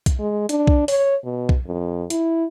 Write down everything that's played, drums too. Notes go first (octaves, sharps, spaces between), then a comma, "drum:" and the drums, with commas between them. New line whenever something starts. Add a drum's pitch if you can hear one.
drum: kick B1, hi-hat
G#3
D4, drum: hi-hat
drum: kick B1
C#5, drum: open hi-hat
B2
drum: kick B1
F2
E4, drum: hi-hat